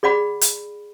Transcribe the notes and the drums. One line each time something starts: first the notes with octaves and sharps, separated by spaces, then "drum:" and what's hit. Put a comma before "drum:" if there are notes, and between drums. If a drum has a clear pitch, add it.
G#4 D5 F#5 B5
drum: hi-hat